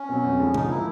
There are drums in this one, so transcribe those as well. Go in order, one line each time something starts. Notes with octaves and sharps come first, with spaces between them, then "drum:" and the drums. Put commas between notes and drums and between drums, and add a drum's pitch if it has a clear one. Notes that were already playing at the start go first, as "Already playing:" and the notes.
Already playing: C#4
B2 F#3
F2
D3 F3 G#3
G#2 D#4, drum: tom C3
F3 A#3 E4